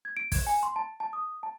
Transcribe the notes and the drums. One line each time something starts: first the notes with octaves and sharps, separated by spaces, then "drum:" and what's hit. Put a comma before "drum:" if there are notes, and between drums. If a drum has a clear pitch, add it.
G#6
D7
G#6, drum: kick, open hi-hat
G#5
C6
A5
A5
D#6
A5